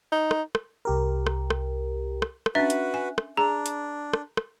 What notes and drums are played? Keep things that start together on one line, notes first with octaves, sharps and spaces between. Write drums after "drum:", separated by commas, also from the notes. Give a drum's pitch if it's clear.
D#4
drum: rim click
drum: rim click
C2 G4 A#4
drum: rim click
drum: rim click
drum: rim click
drum: rim click
C#4 D4 F#4 B4 E5
drum: hi-hat
G#5
drum: rim click
D4 G#4 A#5
drum: hi-hat
drum: rim click
drum: rim click